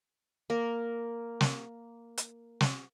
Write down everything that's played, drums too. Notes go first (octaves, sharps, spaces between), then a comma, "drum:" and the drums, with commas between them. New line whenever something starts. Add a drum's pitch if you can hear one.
A#3 A#4
drum: snare
drum: hi-hat
drum: snare